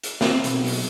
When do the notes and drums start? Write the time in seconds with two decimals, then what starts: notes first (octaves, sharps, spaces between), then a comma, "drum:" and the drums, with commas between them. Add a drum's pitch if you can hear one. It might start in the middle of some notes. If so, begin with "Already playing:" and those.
0.03 drum: hi-hat
0.21 C4, drum: snare
0.44 B1, drum: hi-hat
0.64 drum: open hi-hat